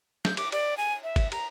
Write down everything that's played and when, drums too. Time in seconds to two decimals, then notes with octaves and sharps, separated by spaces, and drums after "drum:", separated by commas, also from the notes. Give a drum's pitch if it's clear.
0.25 G6, drum: snare
0.37 D6, drum: cymbal
0.52 D5, drum: cymbal
0.77 G#5
1.04 E5
1.16 drum: kick, cymbal
1.32 A#5, drum: cymbal